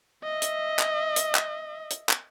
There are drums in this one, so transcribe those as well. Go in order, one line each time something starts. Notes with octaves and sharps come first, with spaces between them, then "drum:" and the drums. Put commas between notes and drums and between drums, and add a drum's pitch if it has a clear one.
D#5 E5
drum: hi-hat
drum: clap
drum: hi-hat
drum: clap
drum: hi-hat
drum: clap